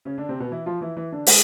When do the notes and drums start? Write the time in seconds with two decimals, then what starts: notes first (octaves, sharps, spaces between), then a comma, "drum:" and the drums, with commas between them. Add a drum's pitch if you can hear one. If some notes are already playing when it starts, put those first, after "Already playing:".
0.05 C#3 C#4
0.18 D3 D4
0.29 C3 C4
0.40 B2 B3
0.51 E3 E4
0.66 F3 F4
0.81 E3 E4
0.97 E3 E4
1.12 D3 D4
1.27 G#3 G#4, drum: open hi-hat